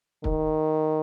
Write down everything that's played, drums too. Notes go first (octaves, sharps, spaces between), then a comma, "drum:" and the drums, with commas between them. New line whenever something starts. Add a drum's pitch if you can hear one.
D#3, drum: kick